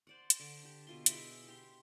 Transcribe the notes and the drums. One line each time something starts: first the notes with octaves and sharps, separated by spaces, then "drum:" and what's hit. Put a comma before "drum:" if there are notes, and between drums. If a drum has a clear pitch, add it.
C5 D5 F#5
drum: hi-hat
D3 D6
D4 G4
B2 F4 C6
E4 G#4 B5 D6, drum: hi-hat
G4 C6